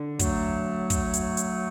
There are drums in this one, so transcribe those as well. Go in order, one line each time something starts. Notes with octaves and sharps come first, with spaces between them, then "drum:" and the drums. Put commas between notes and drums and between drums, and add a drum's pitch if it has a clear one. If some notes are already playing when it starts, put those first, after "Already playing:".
Already playing: D3
F#3 A3, drum: kick, hi-hat
drum: kick, hi-hat
drum: hi-hat
drum: hi-hat